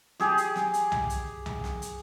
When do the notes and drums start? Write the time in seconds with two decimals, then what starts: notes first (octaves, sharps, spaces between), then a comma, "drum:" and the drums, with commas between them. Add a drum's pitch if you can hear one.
0.20 G4 G#4, drum: snare
0.38 drum: hi-hat
0.56 drum: snare
0.74 drum: hi-hat
0.92 drum: tom C2
1.10 drum: hi-hat
1.46 drum: tom C2
1.64 drum: snare
1.82 drum: hi-hat